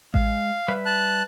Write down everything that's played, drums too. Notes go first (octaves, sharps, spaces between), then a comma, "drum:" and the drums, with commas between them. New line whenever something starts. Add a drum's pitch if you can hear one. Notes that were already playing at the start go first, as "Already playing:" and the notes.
G#3 F5, drum: kick A1
G3 B4 E5
A5 F#6